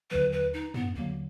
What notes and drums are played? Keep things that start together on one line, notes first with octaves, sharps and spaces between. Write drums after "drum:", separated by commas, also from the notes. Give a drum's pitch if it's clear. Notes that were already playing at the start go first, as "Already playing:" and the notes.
D#2 D3 F#3 B4
B4
D#4
B3, drum: tom
D#2 D3 F#3 A#3